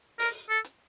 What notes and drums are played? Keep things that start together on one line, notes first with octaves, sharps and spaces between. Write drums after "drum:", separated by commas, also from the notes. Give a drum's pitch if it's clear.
A#4, drum: open hi-hat
A4
drum: hi-hat